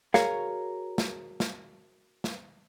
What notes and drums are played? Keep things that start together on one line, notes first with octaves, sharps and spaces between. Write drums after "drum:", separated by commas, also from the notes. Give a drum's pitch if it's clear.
F#4 G#4 A#4 C#5 F5, drum: snare
drum: snare
drum: snare
drum: snare